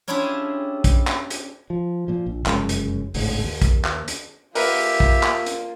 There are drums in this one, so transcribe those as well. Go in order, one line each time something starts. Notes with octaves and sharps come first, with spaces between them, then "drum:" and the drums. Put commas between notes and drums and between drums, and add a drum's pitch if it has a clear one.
C#4 D4 E4 F4 G4 G#4
drum: kick, hi-hat
drum: clap
drum: hi-hat
F3
A#2 F3
A#1
F1 F#2 C#3 G#3, drum: clap
drum: hi-hat
D1 G#1 C#2 A2, drum: open hi-hat
D#2
drum: kick, hi-hat
drum: clap
drum: hi-hat
A#3 F4 G4 A#4 B4 E5, drum: open hi-hat
drum: kick
drum: clap
drum: hi-hat